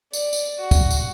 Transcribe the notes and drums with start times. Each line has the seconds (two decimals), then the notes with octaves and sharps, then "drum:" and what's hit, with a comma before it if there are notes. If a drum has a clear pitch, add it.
0.13 D5, drum: tambourine
0.33 drum: tambourine
0.58 F#4
0.71 drum: kick, tambourine
0.91 drum: tambourine